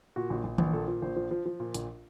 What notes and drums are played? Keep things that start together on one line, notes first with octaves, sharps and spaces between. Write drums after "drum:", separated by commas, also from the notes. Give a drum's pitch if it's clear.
A#2 F#4
A#1
A#1
A#1, drum: tom D#3
A#2 A4
F3
A#1 C5
F3
F3
F3
A#2
A#1, drum: hi-hat